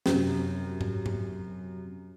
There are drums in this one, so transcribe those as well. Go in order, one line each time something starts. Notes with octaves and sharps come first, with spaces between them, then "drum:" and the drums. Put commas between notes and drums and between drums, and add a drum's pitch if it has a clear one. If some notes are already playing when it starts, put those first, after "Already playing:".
F#2 C3, drum: snare
drum: tom G#2
drum: tom G#2